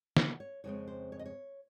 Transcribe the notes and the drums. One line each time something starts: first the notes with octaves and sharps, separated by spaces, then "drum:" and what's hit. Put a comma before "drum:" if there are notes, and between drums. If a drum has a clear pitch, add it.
F#5, drum: snare
C#5
F2 C#3 G#3 C4 C#5
C5
C#5
D#5
C#5